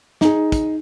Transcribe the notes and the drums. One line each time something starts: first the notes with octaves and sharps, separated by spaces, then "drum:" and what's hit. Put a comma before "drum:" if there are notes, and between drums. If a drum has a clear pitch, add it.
D#4 G#4, drum: snare
drum: kick, hi-hat